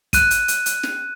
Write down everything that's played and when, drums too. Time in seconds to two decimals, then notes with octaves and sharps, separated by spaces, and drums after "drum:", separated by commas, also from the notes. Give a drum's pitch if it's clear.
0.13 F#6 D#7, drum: kick, hi-hat
0.31 drum: hi-hat
0.48 drum: hi-hat
0.66 drum: hi-hat
0.83 drum: snare